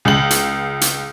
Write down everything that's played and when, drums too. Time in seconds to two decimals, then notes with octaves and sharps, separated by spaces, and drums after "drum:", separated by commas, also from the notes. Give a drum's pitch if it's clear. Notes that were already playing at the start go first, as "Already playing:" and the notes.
0.05 C#2 F#7
0.31 drum: hi-hat
0.81 drum: hi-hat